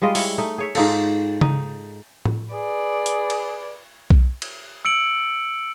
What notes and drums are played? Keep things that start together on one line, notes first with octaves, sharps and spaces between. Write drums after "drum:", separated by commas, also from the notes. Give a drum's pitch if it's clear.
G3 G#3 F4 D#5
E4 C#5, drum: open hi-hat
A3 D#4
G#4 C#5 E5
G#2 D#4 F4 A4, drum: cymbal
D#4, drum: tom C#3
drum: tom A2
G#4 B4 D5
drum: hi-hat
drum: cymbal
drum: kick B1
drum: cymbal
E6 C#7 D7 F#7